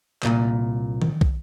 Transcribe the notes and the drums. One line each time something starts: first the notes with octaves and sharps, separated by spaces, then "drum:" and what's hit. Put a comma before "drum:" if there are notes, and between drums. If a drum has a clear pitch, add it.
C2 A#2, drum: clap
drum: tom D#3
drum: kick